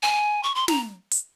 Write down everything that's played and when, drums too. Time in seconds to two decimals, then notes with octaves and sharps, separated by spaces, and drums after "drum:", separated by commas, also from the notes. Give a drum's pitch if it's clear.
0.03 G#5
0.43 C#6
0.55 C6
0.68 A#5, drum: snare
1.11 drum: hi-hat